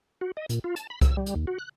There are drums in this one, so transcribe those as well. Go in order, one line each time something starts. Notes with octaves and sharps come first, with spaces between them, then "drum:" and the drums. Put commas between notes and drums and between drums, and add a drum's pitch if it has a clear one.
F#4
D#5
A#2, drum: hi-hat
F4
A5, drum: hi-hat
B5
E6, drum: kick C2, hi-hat
G3
drum: hi-hat
D#2
F#4
F#6